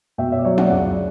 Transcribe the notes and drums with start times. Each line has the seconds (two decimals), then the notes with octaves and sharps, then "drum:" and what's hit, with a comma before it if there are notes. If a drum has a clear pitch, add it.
0.18 B2 E5 G5
0.32 C#5 E5
0.39 D5
0.45 F#3 C#5 E5
0.58 D5 F#5, drum: tom
0.71 C#2 D5 F#5